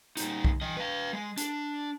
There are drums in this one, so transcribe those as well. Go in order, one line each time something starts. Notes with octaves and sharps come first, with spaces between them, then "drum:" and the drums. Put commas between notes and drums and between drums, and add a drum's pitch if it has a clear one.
G3 D#4, drum: hi-hat
drum: kick B1
E3 D#5
B4 F5
G#3
D4, drum: hi-hat